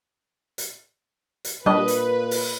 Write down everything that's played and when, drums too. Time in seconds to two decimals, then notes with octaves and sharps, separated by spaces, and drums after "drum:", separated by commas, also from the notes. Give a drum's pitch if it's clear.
0.58 drum: hi-hat
1.45 drum: hi-hat
1.66 A#2 G3 D4 B4 D#5
1.88 drum: hi-hat
2.31 drum: open hi-hat